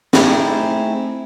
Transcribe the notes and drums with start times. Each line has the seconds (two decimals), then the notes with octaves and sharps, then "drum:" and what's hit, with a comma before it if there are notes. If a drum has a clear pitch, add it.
0.13 A3 C4 D#4 E4 G#4, drum: snare